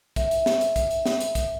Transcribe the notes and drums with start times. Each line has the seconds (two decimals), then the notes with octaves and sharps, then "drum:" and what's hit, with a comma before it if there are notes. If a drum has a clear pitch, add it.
0.16 E5, drum: kick, hi-hat
0.31 drum: hi-hat
0.46 drum: snare
0.61 drum: hi-hat
0.76 drum: kick, hi-hat
0.91 drum: hi-hat
1.06 drum: snare
1.20 drum: hi-hat
1.35 drum: kick, hi-hat